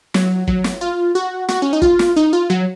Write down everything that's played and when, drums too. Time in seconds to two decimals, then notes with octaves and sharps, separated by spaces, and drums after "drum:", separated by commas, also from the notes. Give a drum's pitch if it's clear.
0.14 F#3, drum: snare
0.47 F#3, drum: kick
0.64 drum: snare
0.81 F4
1.15 F#4
1.49 F#4, drum: snare
1.62 C#4
1.73 D#4
1.82 F4, drum: kick
1.99 drum: snare
2.16 D#4
2.33 F4
2.50 F#3